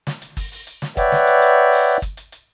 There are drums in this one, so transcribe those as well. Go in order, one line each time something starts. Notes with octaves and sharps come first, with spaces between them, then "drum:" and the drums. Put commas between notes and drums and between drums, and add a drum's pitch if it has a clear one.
drum: snare
drum: hi-hat
drum: kick, open hi-hat
drum: open hi-hat
drum: hi-hat
drum: snare
B4 C#5 D5 E5 F#5 G5, drum: kick, hi-hat
drum: snare
drum: hi-hat
drum: hi-hat
drum: open hi-hat
drum: kick, hi-hat
drum: hi-hat
drum: hi-hat